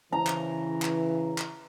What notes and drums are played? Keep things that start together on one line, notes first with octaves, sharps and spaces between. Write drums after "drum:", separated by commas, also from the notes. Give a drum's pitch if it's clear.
C#3 E3 A#5
drum: clap
drum: clap
drum: clap